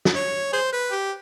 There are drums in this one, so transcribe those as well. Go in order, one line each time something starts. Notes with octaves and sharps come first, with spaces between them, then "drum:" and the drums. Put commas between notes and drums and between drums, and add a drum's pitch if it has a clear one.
drum: snare
C#5
G#4 C5
B4
G4